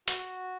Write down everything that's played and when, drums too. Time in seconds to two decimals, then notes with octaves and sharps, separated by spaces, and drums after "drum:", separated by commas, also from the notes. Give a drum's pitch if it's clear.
0.08 F#4, drum: hi-hat